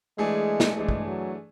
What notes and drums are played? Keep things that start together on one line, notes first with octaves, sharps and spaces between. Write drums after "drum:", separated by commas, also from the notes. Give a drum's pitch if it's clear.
E3 G#3 A3 D4 G#4
drum: snare
E3 G#3 A3 D4 G#4
drum: kick
F#3